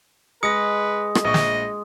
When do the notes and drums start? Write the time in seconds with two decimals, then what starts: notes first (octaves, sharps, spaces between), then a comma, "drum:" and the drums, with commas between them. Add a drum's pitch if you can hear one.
0.43 G#3 B4 D#6 A#6 C#7
1.15 drum: rim click
1.24 A#1 D#5 C#6
1.34 drum: snare